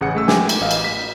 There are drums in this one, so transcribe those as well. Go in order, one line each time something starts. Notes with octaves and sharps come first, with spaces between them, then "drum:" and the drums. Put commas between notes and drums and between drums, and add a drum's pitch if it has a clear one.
A1 C#3 G#4 F#5 C#7
G#3 A3 E6
G5 G#5 D6, drum: snare
drum: cymbal
A1 D#5 F5
drum: cymbal
B6